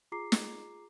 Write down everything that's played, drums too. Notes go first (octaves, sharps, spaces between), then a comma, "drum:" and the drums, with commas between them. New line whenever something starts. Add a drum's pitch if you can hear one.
F4 G#4 A#5 D6 C7
drum: snare